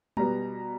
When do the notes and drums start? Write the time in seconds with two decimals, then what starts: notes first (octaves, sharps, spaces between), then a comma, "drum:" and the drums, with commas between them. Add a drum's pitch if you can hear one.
0.17 B2 G3 B3 A#5, drum: tom G#3